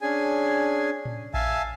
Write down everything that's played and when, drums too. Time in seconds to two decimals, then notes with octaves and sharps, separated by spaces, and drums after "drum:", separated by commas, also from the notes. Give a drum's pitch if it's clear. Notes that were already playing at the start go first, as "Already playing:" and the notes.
0.01 C#4 D4 G#4 G#5
1.05 drum: tom A2
1.34 E5 F5 G#5 A5, drum: kick A#1